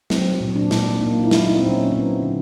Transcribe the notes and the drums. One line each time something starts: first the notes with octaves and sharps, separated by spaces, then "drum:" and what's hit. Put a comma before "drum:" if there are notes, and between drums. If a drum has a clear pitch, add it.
F#3 C4, drum: snare
A#2
D4
A#2, drum: snare
A#3 D#4
E4
F#3, drum: snare
D#4
A#2 C4
C#4
F#3 B3
D3